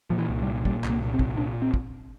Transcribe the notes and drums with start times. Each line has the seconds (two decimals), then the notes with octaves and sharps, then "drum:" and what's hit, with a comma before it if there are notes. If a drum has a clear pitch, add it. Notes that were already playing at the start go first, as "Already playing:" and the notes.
0.10 A#2 F3
0.18 E3
0.29 C2
0.42 G3
0.47 A#2
0.65 A#2 G3, drum: kick
0.84 C2, drum: clap
0.90 A#3
1.01 A#2
1.14 C4
1.19 C2, drum: kick
1.37 A#2 D4
1.62 C4
1.74 drum: kick